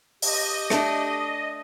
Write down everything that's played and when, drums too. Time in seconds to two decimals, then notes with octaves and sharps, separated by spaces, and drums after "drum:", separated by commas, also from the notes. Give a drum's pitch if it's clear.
0.22 G4 D#5, drum: open hi-hat
0.70 A3 D4, drum: rim click